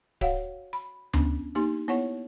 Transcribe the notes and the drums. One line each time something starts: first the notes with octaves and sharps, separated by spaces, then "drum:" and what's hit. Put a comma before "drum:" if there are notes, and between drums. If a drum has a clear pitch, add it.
F#4 C#5 F5 F#5, drum: kick D1
B5
B3 C#4 D4, drum: tom D2
A#3 D#4 G4 C6
B3 E4 C#5 F#5 C#6